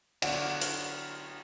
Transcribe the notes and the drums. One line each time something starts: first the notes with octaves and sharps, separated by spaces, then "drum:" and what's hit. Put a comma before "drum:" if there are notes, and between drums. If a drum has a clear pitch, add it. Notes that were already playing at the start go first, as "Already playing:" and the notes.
D3 F#3 B3 D5 F#5, drum: cymbal
drum: hi-hat